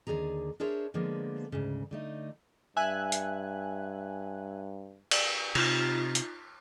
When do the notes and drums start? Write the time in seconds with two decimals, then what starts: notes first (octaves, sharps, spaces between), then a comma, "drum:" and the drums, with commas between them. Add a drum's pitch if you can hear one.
0.07 D#2 A#2 D3 G#4 A#5
0.60 D4 G#4 A#4 C5 C#5 E5
0.94 D3 F3 G#3 A#3 B3
1.52 D2 G#2 C#3
1.91 D3 A3 D#4
2.77 G2 E5 G#5 F#6
3.12 drum: hi-hat
5.11 drum: cymbal
5.55 C3 D#4 F4, drum: cymbal
6.15 drum: hi-hat